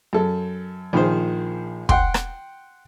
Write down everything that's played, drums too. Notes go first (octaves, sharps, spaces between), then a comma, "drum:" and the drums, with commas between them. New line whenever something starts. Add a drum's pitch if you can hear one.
F#2 A4
A#1 D#3 F3 G#4 C5
F#5 G5 C6, drum: kick
drum: rim click